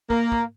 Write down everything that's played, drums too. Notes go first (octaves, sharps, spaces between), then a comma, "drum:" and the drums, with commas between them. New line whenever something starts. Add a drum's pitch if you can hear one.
A#3, drum: kick
drum: kick